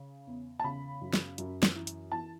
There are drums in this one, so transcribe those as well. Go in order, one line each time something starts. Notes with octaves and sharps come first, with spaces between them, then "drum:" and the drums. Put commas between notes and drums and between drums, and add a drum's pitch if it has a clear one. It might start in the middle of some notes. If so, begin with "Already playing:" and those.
Already playing: C#3
E2
A5
C#3 B5
F#2
drum: snare
F#2, drum: hi-hat
drum: snare
E3
drum: hi-hat
E3 A5